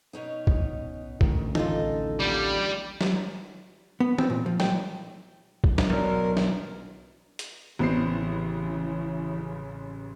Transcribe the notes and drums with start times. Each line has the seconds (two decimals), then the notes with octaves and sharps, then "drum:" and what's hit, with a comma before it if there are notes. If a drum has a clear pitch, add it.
0.13 B2 C#4 D#4
0.47 drum: kick
1.21 A1 D2 D#3, drum: kick
1.55 D#4 F4 A4 D#5, drum: tom
2.20 D3 G3 A#3
3.01 drum: snare
4.00 B3
4.18 C4, drum: tom
4.30 A#2
4.46 F3
4.60 G5, drum: snare
5.64 drum: kick
5.78 drum: snare
5.89 B1 F#3 G3 A#4
6.37 drum: snare
7.39 drum: hi-hat
7.79 A1 C#3 E3 B3 C4 C7